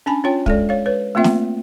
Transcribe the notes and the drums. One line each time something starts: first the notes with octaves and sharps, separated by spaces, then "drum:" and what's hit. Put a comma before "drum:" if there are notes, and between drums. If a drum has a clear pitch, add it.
C#4 D4 G#5 A5 B5
C#4 F4 C#5 G5
G#3 A4 D5, drum: kick
C#5 F5
B4 C#5
A3 A#3 C4 F4 E5 G5
drum: snare